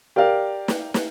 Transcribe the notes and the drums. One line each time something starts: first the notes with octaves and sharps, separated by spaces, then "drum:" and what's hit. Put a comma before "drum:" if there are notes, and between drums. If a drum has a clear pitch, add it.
G4 A#4 D5 F5
drum: snare
drum: snare